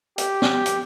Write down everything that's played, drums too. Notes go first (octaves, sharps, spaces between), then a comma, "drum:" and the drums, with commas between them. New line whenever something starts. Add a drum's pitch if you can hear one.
G4, drum: hi-hat
drum: snare
drum: hi-hat